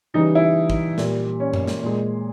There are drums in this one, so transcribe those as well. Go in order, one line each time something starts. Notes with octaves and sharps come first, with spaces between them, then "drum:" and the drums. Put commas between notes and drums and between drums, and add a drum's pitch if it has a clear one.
C#3 E3 G3 D#4
E4
drum: kick
A#2 G3, drum: snare
C#4
drum: tom F#2
drum: snare
A#2 G#3